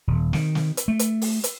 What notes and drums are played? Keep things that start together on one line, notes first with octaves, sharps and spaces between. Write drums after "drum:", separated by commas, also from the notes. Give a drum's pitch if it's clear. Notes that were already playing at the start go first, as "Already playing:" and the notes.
D#1
D#3, drum: snare
drum: snare
drum: hi-hat
A3
drum: hi-hat
drum: open hi-hat
drum: hi-hat